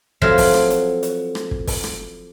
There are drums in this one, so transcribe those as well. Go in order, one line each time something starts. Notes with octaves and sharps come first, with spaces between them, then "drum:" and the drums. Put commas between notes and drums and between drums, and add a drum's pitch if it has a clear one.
F3 F#3 C4 A4 E5 F5, drum: kick
drum: kick, open hi-hat
drum: rim click
drum: hi-hat
drum: hi-hat
drum: rim click
drum: kick
drum: kick, open hi-hat
drum: rim click